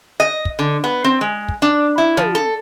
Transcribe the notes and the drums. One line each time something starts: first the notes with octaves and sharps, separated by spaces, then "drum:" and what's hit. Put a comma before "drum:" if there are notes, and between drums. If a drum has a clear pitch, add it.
D#5
drum: kick
D3
B3
C4
G#3
drum: kick
D4
E4
F3, drum: tom
A4